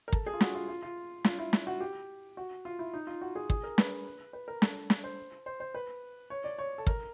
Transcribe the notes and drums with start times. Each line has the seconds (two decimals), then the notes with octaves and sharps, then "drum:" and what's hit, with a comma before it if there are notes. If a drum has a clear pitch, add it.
0.08 A#4
0.13 A4, drum: kick
0.26 G#4
0.34 F4
0.41 F#4, drum: snare
0.55 F4
0.68 F4
0.83 F4
1.24 F4, drum: snare
1.39 E4
1.53 drum: snare
1.67 F#4
1.80 G4
2.37 F#4
2.65 F4
2.79 E4
2.94 D#4
3.07 F4
3.22 F#4
3.35 G#4
3.50 G#4, drum: kick
3.64 A#4
3.78 B4, drum: snare
4.33 B4
4.48 A#4
4.62 A4, drum: snare
4.90 drum: snare
5.04 C5
5.46 C5
5.60 C5
5.75 B4
6.30 C#5
6.44 D5
6.59 C#5
6.78 A4
6.87 A#4, drum: kick